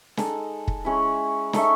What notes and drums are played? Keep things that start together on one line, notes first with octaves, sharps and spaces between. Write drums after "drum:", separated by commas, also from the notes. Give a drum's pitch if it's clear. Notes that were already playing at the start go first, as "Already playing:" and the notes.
G#3 D#4 A4, drum: snare
drum: kick
G#3 C#4 E4
D#4 A4 C#5 E5, drum: snare